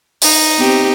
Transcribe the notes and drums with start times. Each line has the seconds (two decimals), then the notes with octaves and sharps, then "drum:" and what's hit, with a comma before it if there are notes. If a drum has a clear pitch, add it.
0.22 D#4, drum: open hi-hat
0.55 B3 C4 G4